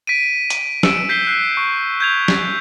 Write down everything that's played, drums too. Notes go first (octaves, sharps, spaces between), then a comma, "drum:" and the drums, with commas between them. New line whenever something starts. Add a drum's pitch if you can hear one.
B6 D7 D#7
drum: hi-hat
E6 C#7 D7 E7, drum: snare
G6 B6 C7 G7
F#6 C7
C#6
G6 G#6 F7
drum: snare